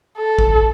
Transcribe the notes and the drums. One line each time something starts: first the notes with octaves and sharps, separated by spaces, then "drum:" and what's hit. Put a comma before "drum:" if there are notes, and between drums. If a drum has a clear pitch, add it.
A4
drum: kick A1